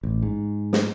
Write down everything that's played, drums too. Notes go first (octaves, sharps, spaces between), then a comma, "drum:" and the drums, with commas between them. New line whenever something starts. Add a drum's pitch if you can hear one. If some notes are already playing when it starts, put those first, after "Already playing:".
A1
G#2
drum: snare